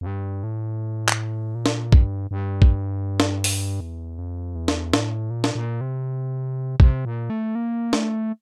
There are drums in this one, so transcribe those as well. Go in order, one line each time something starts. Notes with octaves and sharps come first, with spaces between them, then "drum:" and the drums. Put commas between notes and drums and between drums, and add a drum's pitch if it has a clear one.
F2
G2
A2
drum: clap
A#2
drum: snare
G2, drum: kick A#1
G2
drum: kick A#1
drum: snare
drum: open hi-hat
E2
F2
E2
drum: snare
A2, drum: snare
A#2
drum: snare
A#2
C3
C3, drum: kick A#1
A#2
A3
A#3
A3, drum: snare